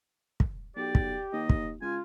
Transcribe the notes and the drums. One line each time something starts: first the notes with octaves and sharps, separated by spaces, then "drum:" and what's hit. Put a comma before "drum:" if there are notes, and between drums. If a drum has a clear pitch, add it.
drum: kick
B1 G4 D5
drum: kick
D#2 D#5
drum: kick
C#2 F4 G#5